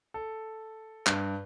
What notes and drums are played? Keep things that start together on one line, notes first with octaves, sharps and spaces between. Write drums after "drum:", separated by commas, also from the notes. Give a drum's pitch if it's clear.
A4
G2, drum: clap